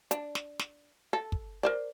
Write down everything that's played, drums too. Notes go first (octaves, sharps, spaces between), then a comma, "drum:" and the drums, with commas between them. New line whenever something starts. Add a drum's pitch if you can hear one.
D4, drum: hi-hat
drum: snare
drum: snare
A4
drum: kick
A#4 C5 D5